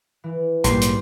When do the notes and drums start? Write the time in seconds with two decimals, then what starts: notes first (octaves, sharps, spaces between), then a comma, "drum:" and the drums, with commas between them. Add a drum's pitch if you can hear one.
0.24 E3
0.64 A#1 G#2 G3 A#3 C6, drum: hi-hat
0.81 drum: hi-hat